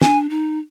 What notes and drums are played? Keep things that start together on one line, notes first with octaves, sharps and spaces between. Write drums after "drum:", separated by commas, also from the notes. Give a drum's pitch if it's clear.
D4 G#5, drum: snare
D#4